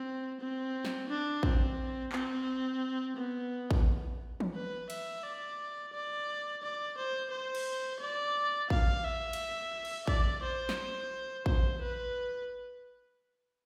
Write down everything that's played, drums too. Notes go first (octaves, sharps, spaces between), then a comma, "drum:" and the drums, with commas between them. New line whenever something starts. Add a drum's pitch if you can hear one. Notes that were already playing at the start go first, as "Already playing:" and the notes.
Already playing: C4
C4
drum: snare
D4
C4, drum: kick A1
C4, drum: clap
B3
drum: kick A1
drum: tom E3
B4
E5, drum: cymbal
D5
D5
D5
C5
C5
drum: cymbal
D5
F5, drum: kick A1
E5
drum: cymbal
drum: cymbal
D5, drum: kick A1
C5
drum: snare
C5, drum: kick A1
B4